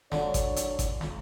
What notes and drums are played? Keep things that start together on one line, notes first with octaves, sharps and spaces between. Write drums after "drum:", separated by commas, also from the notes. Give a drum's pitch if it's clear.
D3 F#3 D4 C#5, drum: snare
drum: kick G#1, hi-hat
drum: hi-hat
drum: kick G#1, hi-hat
drum: snare